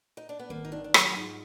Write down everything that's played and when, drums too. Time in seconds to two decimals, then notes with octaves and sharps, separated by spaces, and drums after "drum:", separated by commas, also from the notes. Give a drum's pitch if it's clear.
0.17 D#4
0.29 D4
0.39 B3
0.49 G#1 A#3
0.65 D#4
0.72 D#3 D4
0.84 D4
0.94 F#3 D#4, drum: rim click
1.12 F#4
1.16 G#2 F4